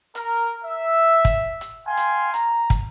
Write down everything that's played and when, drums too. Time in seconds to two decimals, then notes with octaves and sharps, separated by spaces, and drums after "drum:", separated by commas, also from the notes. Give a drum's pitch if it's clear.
0.15 A#4, drum: hi-hat
0.64 E5
1.25 drum: kick, hi-hat
1.61 drum: hi-hat
1.87 F5 G5 G#5 C6
1.97 drum: hi-hat
2.34 A#5, drum: hi-hat
2.70 drum: kick, hi-hat